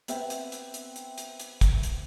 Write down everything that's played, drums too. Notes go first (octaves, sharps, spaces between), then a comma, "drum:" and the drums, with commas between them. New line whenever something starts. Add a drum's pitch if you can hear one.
B3 C4 E5 G5, drum: hi-hat
drum: hi-hat
drum: hi-hat
drum: hi-hat
drum: hi-hat
drum: hi-hat
drum: hi-hat
drum: kick, hi-hat
drum: hi-hat